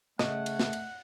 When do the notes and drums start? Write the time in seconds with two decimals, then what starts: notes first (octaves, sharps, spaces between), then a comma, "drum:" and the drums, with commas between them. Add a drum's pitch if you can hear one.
0.19 C#3 A3 D#5 F#5, drum: snare
0.46 drum: cymbal
0.60 drum: snare
0.73 drum: cymbal